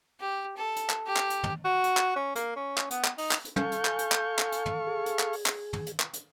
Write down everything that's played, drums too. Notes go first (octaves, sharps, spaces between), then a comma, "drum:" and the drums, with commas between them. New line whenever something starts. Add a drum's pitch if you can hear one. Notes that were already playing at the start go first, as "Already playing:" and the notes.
G4
A4
drum: hi-hat
drum: clap
G4
drum: clap
drum: hi-hat
drum: tom
F#4
drum: hi-hat
drum: clap
C#4
A#3, drum: hi-hat
C#4
drum: clap
B3, drum: hi-hat
drum: clap
D#4, drum: open hi-hat
drum: clap
drum: hi-hat
A4 F5 G#5 C#6 G6, drum: tom
drum: hi-hat
drum: clap
drum: hi-hat
drum: clap
drum: clap
drum: hi-hat
drum: tom
G#4
drum: hi-hat
drum: clap
drum: open hi-hat
drum: clap
drum: tom
drum: hi-hat
drum: clap
drum: hi-hat